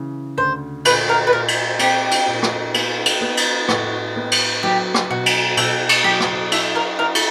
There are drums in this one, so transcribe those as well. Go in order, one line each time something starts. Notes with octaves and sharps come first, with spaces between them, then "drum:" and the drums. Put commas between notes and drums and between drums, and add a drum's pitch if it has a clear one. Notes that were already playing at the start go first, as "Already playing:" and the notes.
Already playing: C#3 E3
D2 C5
A#2 B4, drum: cymbal
A#4
B4
A#2 A#4
drum: cymbal
C4 G4, drum: cymbal
drum: cymbal
A#2
drum: rim click
B3, drum: cymbal
drum: cymbal
B3
drum: cymbal
A2 F#4, drum: rim click
B3
drum: cymbal
F#3 G4
drum: rim click
B2 F#4
drum: cymbal
B2 A4, drum: cymbal
drum: cymbal
F#3 G4
drum: rim click
E4 A4, drum: cymbal
A#4
E4 A#4
drum: cymbal